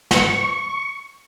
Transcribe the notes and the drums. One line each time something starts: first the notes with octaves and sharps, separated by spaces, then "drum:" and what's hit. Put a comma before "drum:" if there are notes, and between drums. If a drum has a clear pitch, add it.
C#6, drum: snare